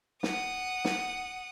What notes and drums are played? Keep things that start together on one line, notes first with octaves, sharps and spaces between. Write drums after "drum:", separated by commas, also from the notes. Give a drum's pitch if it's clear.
F#5 D#6, drum: snare
drum: snare